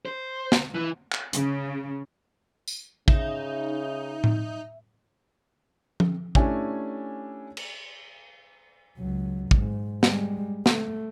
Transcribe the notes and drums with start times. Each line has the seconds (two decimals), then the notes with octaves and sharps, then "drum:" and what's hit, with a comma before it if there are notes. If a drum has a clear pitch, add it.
0.06 C5
0.52 drum: snare
0.75 E3
1.12 drum: clap
1.33 C#3, drum: hi-hat
2.68 drum: tambourine
3.08 C#3 D#4 E5, drum: kick
4.24 drum: tom A2
6.00 drum: tom F3
6.35 A3 C#4 D4 E4 G4 G#5, drum: kick
7.57 drum: cymbal
8.98 C#2 F#3
9.51 G#2, drum: kick
10.03 G3 G#3, drum: snare
10.66 A3, drum: snare